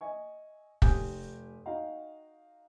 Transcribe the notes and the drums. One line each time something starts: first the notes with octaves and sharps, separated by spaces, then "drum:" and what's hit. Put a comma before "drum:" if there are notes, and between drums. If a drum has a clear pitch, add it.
D#5 E5 G#5 C#6
F1 G4 G#5 D#6 G6, drum: kick
D#4 F#4 D#5 F5 G5 A#5